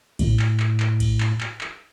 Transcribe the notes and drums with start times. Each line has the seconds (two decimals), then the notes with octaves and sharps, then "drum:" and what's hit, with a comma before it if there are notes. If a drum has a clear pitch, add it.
0.19 A2, drum: kick A1, cymbal
0.40 drum: clap
0.60 drum: clap
0.80 drum: clap
1.00 drum: kick A1, cymbal
1.20 drum: clap
1.41 drum: clap
1.61 drum: clap